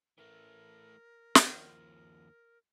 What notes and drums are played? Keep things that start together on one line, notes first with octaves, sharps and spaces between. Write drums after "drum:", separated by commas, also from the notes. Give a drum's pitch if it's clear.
E3 A3 A#4
D#2 F3, drum: snare